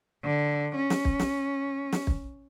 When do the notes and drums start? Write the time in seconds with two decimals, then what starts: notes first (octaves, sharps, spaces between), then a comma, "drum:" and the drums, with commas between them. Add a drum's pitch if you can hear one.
0.24 D3
0.76 C#4
0.90 drum: snare
1.05 drum: kick
1.19 drum: snare
1.92 drum: snare
2.07 drum: kick